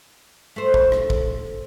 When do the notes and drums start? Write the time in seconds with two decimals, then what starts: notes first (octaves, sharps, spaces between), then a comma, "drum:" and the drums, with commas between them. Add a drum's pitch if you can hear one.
0.56 A3 C5
0.74 drum: kick
0.92 drum: rim click
1.10 drum: kick